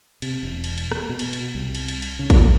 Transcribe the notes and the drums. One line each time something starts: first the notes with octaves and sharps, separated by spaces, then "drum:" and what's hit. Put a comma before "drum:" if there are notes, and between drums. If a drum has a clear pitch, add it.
C3, drum: cymbal
E1
drum: cymbal
drum: cymbal
drum: rim click
B2
drum: cymbal
drum: cymbal
C2
drum: cymbal
drum: cymbal
drum: cymbal
C#3
drum: kick, cymbal